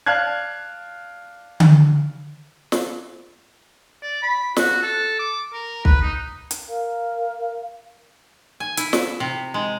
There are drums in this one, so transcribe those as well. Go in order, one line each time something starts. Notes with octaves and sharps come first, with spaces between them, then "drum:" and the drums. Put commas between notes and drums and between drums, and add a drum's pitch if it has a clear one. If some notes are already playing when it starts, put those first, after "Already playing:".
D5 F5 A5 F#6 G#6
drum: tom D3
drum: snare
D5
B5
F#4, drum: snare
A4
D6
A#4
B4, drum: kick
D#4
drum: hi-hat
A#4 F5
G#5
E4, drum: hi-hat
drum: snare
C3
G#3